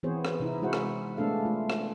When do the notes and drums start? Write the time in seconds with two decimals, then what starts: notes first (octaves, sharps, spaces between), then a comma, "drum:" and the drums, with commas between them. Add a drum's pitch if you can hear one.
0.03 E3 B3 C4 G#4 C5 C#5
0.25 drum: rim click
0.40 C3 D#4 E4
0.62 G#3 E4 F#4 G#4 C5 F#5
0.73 drum: rim click
1.17 G#3 A3 B3 D4 A4 F5
1.45 A3 F4
1.70 drum: rim click